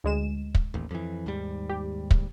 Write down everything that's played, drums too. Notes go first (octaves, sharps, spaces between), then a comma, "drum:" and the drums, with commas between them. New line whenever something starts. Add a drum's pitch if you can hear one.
D2 G#3 E7
drum: kick
A1 D#2
F2 E3
D#2 G#2 G3
G4
drum: kick